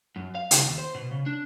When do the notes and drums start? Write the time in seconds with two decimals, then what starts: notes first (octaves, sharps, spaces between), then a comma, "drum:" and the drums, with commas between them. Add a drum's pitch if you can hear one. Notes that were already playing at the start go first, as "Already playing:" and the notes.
0.16 F#2
0.35 F5
0.51 C#3, drum: hi-hat
0.65 D#2
0.78 C5
0.95 B2
1.11 C#3
1.26 D4